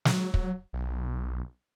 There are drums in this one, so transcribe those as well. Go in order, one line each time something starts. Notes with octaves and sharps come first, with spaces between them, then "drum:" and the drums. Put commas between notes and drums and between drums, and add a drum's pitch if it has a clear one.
F#3, drum: snare
drum: kick
B1